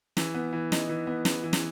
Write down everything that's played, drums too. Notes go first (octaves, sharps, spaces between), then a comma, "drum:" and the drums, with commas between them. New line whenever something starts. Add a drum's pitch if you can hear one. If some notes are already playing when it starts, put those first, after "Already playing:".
E3, drum: snare
B3
E3
D#4, drum: snare
E3
B3
B3, drum: snare
E3
drum: snare